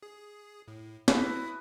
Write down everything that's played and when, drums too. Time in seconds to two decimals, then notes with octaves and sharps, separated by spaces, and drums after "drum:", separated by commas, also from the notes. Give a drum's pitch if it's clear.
0.03 G#4
0.68 A2
1.08 E4 F#4 B4 E5 D#6, drum: snare